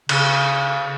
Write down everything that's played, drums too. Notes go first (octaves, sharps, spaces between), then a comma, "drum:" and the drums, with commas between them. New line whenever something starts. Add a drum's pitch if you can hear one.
C#3, drum: cymbal